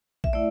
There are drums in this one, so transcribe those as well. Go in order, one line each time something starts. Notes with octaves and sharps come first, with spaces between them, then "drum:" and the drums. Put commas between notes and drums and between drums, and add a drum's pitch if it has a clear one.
E5, drum: kick A#1
A3 E4 D5